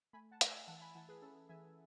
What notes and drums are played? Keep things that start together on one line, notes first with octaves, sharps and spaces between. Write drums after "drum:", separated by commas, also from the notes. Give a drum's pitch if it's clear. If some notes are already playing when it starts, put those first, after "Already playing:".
A3 G#5 B5
F#5 A5
A3, drum: hi-hat
E5 G#5
E3 F#5 A5
G#5 B5
E3 F#5 A5
G#4 B4
C#4 A4
E3 E5 G#5